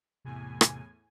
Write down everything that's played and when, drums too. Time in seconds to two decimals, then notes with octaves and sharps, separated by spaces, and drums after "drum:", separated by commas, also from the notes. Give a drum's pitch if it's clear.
0.25 E2 A2 C3 G#5
0.61 drum: rim click